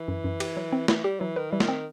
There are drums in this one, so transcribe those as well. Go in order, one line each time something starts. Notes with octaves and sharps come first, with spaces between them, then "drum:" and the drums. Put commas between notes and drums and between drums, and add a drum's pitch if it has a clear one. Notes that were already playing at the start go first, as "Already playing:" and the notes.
Already playing: E3
F#2
F#2
G4, drum: cymbal
F#3
C4
E3 E4, drum: snare
G3 G4
E3 F#3
D#3 B4
E3 G3
D#3, drum: snare
C4